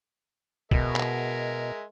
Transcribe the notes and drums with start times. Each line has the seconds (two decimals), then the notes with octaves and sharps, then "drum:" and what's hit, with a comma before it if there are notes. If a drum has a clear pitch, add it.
0.71 B2 G#3 A#4 E5, drum: kick
0.96 drum: clap